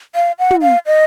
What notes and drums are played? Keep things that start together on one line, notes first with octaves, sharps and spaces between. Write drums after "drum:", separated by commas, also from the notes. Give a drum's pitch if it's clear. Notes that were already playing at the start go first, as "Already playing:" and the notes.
F5
F#5
drum: tom
F5
D#5